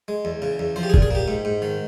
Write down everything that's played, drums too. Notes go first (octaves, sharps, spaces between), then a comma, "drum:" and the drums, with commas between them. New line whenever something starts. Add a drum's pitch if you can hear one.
G#3
E2
C#3
E2
F3 C5
G4
G#4
A#2, drum: kick F#1
G#4
A#3 G4
G#2
G#2
D#3